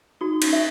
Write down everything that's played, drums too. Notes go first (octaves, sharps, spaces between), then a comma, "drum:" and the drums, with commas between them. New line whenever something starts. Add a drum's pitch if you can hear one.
D#4 F#4
D#4
C#4, drum: cymbal
E5